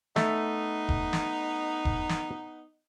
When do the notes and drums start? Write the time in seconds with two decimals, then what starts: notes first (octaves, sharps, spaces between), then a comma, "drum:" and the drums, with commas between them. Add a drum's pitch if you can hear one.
0.16 A3 B3 D#4, drum: snare
0.89 drum: kick E1
1.13 drum: snare
1.85 drum: kick E1
2.09 drum: snare